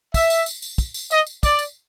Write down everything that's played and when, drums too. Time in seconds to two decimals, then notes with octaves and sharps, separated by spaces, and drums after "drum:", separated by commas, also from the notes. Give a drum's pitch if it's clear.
0.14 E5, drum: kick, tambourine
0.30 drum: tambourine
0.46 drum: tambourine
0.62 drum: tambourine
0.78 drum: kick, tambourine
0.94 drum: tambourine
1.11 D#5, drum: tambourine
1.27 drum: tambourine
1.43 D5, drum: kick, tambourine
1.59 drum: tambourine